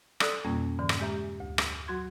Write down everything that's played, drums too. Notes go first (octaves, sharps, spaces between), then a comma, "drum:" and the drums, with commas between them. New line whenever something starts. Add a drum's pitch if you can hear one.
A4 D5 C6 D#6 E6 F#6, drum: rim click
F2 B2 G3 A#3 C#4
G#2 D3 E3
drum: rim click
G#3 G4 E5 A#5
D2
drum: rim click
F#3 F#4 C6 G#6